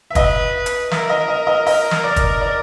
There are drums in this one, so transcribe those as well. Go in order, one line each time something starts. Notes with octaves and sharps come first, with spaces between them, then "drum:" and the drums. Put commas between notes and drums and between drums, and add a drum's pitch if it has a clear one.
E5
B4 D#5, drum: kick, hi-hat
drum: hi-hat
A#4 E5, drum: snare
D#5
D#5
D#5
D#5, drum: open hi-hat
drum: snare
D5
drum: kick, hi-hat
D5